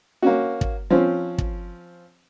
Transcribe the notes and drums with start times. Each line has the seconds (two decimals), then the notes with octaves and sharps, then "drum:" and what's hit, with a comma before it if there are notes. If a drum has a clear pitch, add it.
0.22 A#3 C#4 F#4
0.61 drum: kick
0.90 F3 C4 C#4
1.38 drum: kick